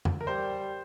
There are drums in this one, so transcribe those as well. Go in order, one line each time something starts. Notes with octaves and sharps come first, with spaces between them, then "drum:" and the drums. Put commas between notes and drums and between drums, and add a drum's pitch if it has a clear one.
drum: tom F2
A#4
G3 C5